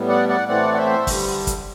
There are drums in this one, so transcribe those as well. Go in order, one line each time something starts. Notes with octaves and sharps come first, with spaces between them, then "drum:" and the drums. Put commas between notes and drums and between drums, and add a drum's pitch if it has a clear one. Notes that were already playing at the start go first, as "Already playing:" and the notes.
Already playing: A2 G3 B3
D5 F#5
D5 F#5
A2 E3 A3 C4 D5 F#5
F#5
C5 E5
G2 D3 G3, drum: kick, open hi-hat
drum: kick, hi-hat